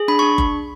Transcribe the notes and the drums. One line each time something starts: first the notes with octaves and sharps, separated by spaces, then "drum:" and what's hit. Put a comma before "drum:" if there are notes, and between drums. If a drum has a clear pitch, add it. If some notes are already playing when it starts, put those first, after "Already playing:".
Already playing: G#4
D4 B5
C#6
D4
drum: kick F#1